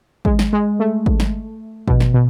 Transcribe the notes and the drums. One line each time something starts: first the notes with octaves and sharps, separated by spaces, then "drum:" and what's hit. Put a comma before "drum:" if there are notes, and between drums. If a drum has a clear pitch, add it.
G#3, drum: kick
drum: snare
G#3
A3
drum: kick
drum: snare
B2, drum: kick
drum: snare
B2